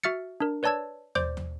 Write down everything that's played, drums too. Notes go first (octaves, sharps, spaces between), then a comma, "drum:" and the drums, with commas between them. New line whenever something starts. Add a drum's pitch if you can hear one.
F#4 E5 F6 A6 C#7
D4 A#4
B4 C#5 D5 A5 E6 G#6
C5 D5 D6 G6, drum: tom
drum: tom